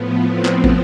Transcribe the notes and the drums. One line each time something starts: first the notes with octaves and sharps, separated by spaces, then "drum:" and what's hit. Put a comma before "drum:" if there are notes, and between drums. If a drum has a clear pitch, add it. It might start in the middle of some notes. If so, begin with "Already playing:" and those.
Already playing: A2 F3 B3
C4
drum: clap
drum: kick